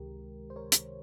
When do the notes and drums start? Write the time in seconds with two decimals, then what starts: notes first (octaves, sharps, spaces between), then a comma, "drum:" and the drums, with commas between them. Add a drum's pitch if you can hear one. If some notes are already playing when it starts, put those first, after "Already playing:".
Already playing: C#2 C3 D#3 G#3 G4 A#4
0.50 C5
0.56 A#4 C#5
0.72 drum: hi-hat